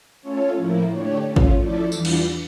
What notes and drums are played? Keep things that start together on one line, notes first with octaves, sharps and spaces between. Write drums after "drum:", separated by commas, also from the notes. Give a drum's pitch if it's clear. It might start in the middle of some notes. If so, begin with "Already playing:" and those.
A3 C#4 F4 A4 C#5
A2 F3 A#3 E4
D3 A3 D4 G4 C#5
A3 C#4 F4
drum: kick
F3 A3 E4 A4 D5
E2 E3 G3 D4 F4, drum: tambourine
drum: cymbal